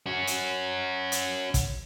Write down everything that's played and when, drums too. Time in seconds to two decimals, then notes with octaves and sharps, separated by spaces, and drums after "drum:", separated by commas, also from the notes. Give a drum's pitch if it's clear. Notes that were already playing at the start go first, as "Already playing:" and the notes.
0.06 C#4 F#4
0.27 drum: hi-hat
1.12 drum: hi-hat
1.54 drum: kick, hi-hat